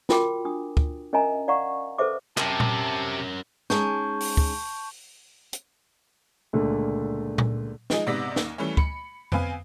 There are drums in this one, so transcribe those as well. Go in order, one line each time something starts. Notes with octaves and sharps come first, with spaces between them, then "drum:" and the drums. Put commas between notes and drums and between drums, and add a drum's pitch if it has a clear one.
F4 F#4 A#4 G5 D6, drum: snare
D4 D#6
drum: kick
C#4 A#4 D#5 E5 G#5 A#5
D5 F5 F#5 A#5 C#6
A4 B4 C5 E5 D6
C3 C#4 A#4 A5, drum: clap
drum: tom A#2
G#3 C#4 D#4 A5 C#6 G6, drum: snare
drum: open hi-hat
drum: kick
drum: hi-hat
C#2 A#2 D3 A3
drum: tom A#2
F3 G#3 D#4 G#4, drum: snare
G#2 C3 B3 D5 A#6 B6
D#2, drum: snare
E3 G3 A3 C#4
B5 C#7, drum: kick
B3 C4 B4 F5 G#5, drum: tom F2